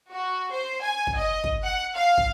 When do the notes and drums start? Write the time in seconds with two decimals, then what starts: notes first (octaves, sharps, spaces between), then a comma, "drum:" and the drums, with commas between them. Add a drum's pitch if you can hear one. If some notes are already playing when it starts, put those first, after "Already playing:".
0.11 F#4
0.52 C5
0.83 G#5
1.07 drum: kick
1.18 D#5
1.44 drum: kick
1.64 F#5
1.95 F5
2.17 drum: kick